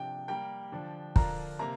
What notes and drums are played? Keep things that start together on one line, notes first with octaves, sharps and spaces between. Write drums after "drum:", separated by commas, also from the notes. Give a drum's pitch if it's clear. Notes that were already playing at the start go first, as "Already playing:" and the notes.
Already playing: C3 F3 D4 G5
G3 A#3 G4 A#4 G5
D3 F3 D4
D3 F3 D4 F4 A#4 A#5, drum: kick
C3 A#3 A#5